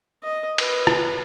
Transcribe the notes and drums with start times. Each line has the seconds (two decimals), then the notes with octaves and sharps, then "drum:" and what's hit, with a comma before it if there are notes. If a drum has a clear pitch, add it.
0.23 D#5
0.58 B4, drum: cymbal
0.87 drum: rim click